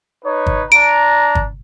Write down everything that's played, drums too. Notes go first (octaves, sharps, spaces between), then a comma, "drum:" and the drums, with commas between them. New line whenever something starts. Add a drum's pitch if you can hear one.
D#4 B4 C#5
drum: kick G1
D4 A#5 D7
drum: kick G1